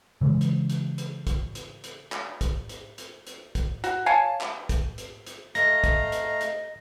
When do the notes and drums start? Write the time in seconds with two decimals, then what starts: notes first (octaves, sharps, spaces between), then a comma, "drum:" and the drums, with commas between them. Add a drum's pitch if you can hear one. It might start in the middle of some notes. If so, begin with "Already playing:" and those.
0.21 C#3 E3 G#3
0.41 drum: hi-hat
0.70 drum: hi-hat
0.98 drum: hi-hat
1.27 drum: kick, hi-hat
1.55 drum: hi-hat
1.84 drum: hi-hat
2.12 drum: clap
2.41 drum: kick, hi-hat
2.69 drum: hi-hat
2.98 drum: hi-hat
3.27 drum: hi-hat
3.55 drum: kick, hi-hat
3.84 F#4, drum: hi-hat
4.06 C#5 F5 G#5 A5
4.41 drum: clap
4.69 drum: kick, hi-hat
4.98 drum: hi-hat
5.27 drum: hi-hat
5.55 A3 D#5 F5 A#5 A#6, drum: hi-hat
5.84 drum: kick, hi-hat
6.12 drum: hi-hat
6.41 drum: hi-hat